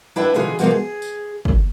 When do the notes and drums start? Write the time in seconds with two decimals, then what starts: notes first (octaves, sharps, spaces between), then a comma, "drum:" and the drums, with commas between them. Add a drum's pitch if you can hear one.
0.16 D4 E4 B4 E5 G5
0.34 B2 D3 E3 F4 G#4
0.59 C3 F3 G#3 A#3 B3 F#4, drum: tambourine
0.71 G#4
1.02 drum: tambourine
1.45 drum: kick